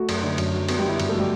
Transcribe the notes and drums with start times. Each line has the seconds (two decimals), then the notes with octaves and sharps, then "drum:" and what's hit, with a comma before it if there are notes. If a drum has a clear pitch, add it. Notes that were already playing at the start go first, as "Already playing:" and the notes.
Already playing: A3 F#4
0.09 F#2, drum: cymbal
0.23 D3
0.38 F#2, drum: cymbal
0.54 F#3
0.68 B3 F#4, drum: cymbal
0.79 G3 G4
0.84 D3 E4
0.99 G2 F#4, drum: cymbal
1.09 A3 A4
1.15 F#3 G3 G4